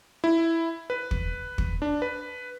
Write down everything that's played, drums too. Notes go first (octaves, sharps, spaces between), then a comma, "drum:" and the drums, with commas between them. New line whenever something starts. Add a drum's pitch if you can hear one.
E4
B4
drum: kick
drum: kick
D4
B4